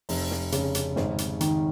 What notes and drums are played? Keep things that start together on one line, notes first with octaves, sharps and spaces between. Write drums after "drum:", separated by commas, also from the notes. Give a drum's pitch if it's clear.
F1, drum: open hi-hat
drum: snare
C#3, drum: hi-hat
drum: hi-hat
G#1, drum: snare
drum: hi-hat
D#3, drum: hi-hat